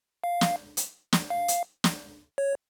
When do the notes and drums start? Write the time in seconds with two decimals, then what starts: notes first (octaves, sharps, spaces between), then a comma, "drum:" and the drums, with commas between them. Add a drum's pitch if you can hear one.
0.24 F5
0.41 drum: snare
0.77 drum: hi-hat
1.13 drum: snare
1.30 F5
1.48 drum: hi-hat
1.84 drum: snare
2.38 C#5